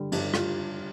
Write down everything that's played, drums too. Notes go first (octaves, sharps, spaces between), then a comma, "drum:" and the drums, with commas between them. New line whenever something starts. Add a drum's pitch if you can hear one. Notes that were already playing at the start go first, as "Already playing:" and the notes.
Already playing: D3 G3
G2 D4, drum: cymbal
F4, drum: rim click